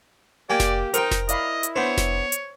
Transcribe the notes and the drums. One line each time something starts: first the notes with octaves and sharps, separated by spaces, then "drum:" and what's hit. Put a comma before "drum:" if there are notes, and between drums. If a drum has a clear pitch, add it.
A#3 G4 D5 G5 G#5
drum: snare F1
D#4 A#4 C5 G5 A#5, drum: hi-hat
drum: snare F1
E4 D5 D#5 F5 B5, drum: hi-hat
drum: hi-hat
B3 D4 C5 C#5
drum: snare F1
drum: hi-hat